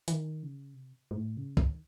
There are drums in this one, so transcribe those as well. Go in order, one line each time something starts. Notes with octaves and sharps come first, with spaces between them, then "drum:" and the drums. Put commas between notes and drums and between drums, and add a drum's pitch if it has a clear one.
E3, drum: hi-hat
D#3
C#3
C3
G#2
A2
C#3
D#3, drum: kick